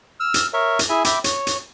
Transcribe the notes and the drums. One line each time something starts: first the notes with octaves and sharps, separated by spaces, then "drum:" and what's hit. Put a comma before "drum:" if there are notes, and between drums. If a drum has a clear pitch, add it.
E6 F6
drum: hi-hat
A#4 C#5 E5
drum: hi-hat
E4 G#4 E5 G#5
E5 G5 B5 D6, drum: hi-hat
C#5, drum: hi-hat
drum: hi-hat